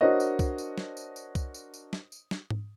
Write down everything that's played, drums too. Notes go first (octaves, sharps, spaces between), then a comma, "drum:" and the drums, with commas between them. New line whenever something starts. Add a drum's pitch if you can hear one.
D4 F#4 A#4 C5 C#5 D#5
drum: tambourine
drum: kick C2, tambourine
drum: tambourine
drum: snare
drum: tambourine
drum: tambourine
drum: kick C2, tambourine
drum: tambourine
drum: tambourine
drum: snare
drum: tambourine
drum: snare
drum: tom G#2